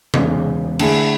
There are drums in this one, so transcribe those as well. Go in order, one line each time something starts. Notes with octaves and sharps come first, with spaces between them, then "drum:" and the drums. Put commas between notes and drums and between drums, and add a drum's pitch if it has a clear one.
E1 E2 C#3, drum: tom C3
D3 A3 E4 G#4, drum: cymbal